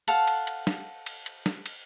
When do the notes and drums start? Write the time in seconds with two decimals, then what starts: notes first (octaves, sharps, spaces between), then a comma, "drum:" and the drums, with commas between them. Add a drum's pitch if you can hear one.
0.08 A4 F5 F#5 A5, drum: cymbal
0.27 drum: cymbal
0.47 drum: cymbal
0.67 drum: snare
1.06 drum: cymbal
1.26 drum: cymbal
1.46 drum: snare
1.66 drum: cymbal